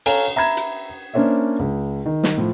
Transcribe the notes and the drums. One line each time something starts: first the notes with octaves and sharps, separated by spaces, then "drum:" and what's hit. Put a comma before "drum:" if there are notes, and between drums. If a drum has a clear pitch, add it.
A4 C#5 F5 G#5 A#5, drum: cymbal
E5 A#5 B5 G#6 E7
drum: hi-hat
A#3 C#4 D4 C5 C#5 E5
C#2
D#3
drum: snare
A2 F3